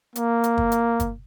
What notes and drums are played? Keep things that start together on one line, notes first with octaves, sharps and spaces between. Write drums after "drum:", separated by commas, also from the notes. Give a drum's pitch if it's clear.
A#3, drum: hi-hat
drum: hi-hat
drum: kick
drum: hi-hat
drum: kick, hi-hat